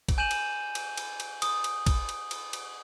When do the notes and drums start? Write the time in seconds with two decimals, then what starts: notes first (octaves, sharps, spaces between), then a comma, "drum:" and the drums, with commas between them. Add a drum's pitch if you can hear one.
0.08 drum: kick, cymbal
0.18 G#5 G6 D#7 E7 F#7
0.31 drum: cymbal
0.75 drum: cymbal
0.97 drum: cymbal
1.20 drum: cymbal
1.42 D#6, drum: cymbal
1.64 drum: cymbal
1.86 drum: kick, cymbal
2.09 drum: cymbal
2.31 drum: cymbal
2.53 drum: cymbal